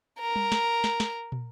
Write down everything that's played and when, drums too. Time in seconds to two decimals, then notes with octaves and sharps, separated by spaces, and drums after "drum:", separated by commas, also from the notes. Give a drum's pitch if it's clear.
0.20 A#4
0.36 drum: tom G3
0.52 drum: snare
0.84 drum: snare
1.00 drum: snare
1.32 drum: tom